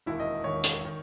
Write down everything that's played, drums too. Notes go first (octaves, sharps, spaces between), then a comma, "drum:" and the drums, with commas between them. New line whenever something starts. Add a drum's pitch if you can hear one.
E1 D#2 D#3 E4
D#5
E1 D#2 D#3 C#5
drum: hi-hat
D#3